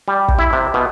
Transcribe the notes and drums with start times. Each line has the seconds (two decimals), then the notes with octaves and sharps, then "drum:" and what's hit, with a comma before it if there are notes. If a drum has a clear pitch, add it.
0.08 G3
0.28 drum: kick
0.39 E4
0.53 C3
0.74 B2